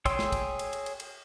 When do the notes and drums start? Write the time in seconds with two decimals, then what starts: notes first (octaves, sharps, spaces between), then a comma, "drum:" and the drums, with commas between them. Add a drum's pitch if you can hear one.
0.05 G#4 C#5 G5 C6 E6, drum: kick, cymbal
0.19 drum: snare
0.32 drum: kick, cymbal
0.59 drum: cymbal
0.73 drum: cymbal
0.86 drum: cymbal
1.00 drum: cymbal